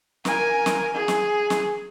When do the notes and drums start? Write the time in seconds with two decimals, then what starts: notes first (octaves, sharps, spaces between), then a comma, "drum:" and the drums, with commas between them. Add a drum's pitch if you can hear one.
0.25 A#4 G#5, drum: snare
0.66 drum: snare
0.94 G#4
1.08 drum: snare
1.50 drum: snare